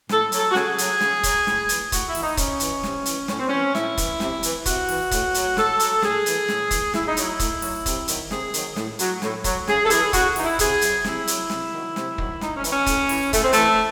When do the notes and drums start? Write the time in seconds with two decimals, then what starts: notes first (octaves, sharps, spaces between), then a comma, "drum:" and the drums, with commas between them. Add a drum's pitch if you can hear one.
0.09 A2 A4, drum: snare
0.32 F#3 A4, drum: hi-hat
0.51 F#4
0.55 C#3 G#4, drum: snare
0.78 F#3, drum: hi-hat
1.00 C#3, drum: snare
1.23 F#3, drum: kick, hi-hat
1.47 A2, drum: snare
1.69 E3, drum: hi-hat
1.92 A2 F#4, drum: kick, hi-hat
2.07 E4
2.15 E3, drum: open hi-hat
2.22 D#4
2.37 C3 C#4, drum: kick, hi-hat
2.60 E3, drum: hi-hat
2.83 C3, drum: snare
3.06 E3, drum: hi-hat
3.28 A2 C#4, drum: snare
3.39 C4
3.48 E3 C#4
3.75 A2 E4, drum: snare
3.97 E3, drum: kick, hi-hat
4.20 C3, drum: snare
4.43 E3, drum: hi-hat
4.66 C3 F#4, drum: kick, hi-hat
4.89 E3, drum: open hi-hat
5.11 A2, drum: kick, hi-hat
5.34 F#3, drum: hi-hat
5.57 A2 A4, drum: snare
5.80 F#3, drum: hi-hat
6.02 A2 G#4, drum: snare
6.26 E3, drum: hi-hat
6.48 A2, drum: snare
6.71 E3, drum: kick, hi-hat
6.94 A2 E4, drum: snare
7.07 D#4
7.17 F#3 E4, drum: hi-hat
7.39 A2, drum: kick, hi-hat
7.62 F#3, drum: open hi-hat
7.86 C3, drum: kick, hi-hat
8.08 D#3 F#3, drum: hi-hat
8.31 C3 G#4, drum: snare
8.54 D#3 F#3, drum: hi-hat
8.76 A2, drum: snare
8.99 F#3, drum: hi-hat
9.22 A2, drum: snare
9.44 F#3, drum: kick, hi-hat
9.67 C#3 G#4, drum: snare
9.84 A4
9.90 E3 G#4, drum: hi-hat
10.13 C#3 F#4, drum: kick, hi-hat
10.36 E3 D#4, drum: open hi-hat
10.43 E4
10.59 C3 G#4, drum: kick, hi-hat
10.81 F#3, drum: hi-hat
11.04 C3 E4, drum: snare
11.27 F#3, drum: hi-hat
11.50 C3, drum: snare
11.73 D#3 F#3
11.96 C3, drum: snare
12.18 D#3 F#3, drum: kick
12.41 A2 D#4, drum: snare
12.57 C#4
12.64 E3, drum: hi-hat
12.72 C#4
12.86 A2, drum: kick, hi-hat
13.09 E3, drum: open hi-hat
13.33 A2 A3, drum: kick, hi-hat
13.42 C4
13.53 E3 A3, drum: hi-hat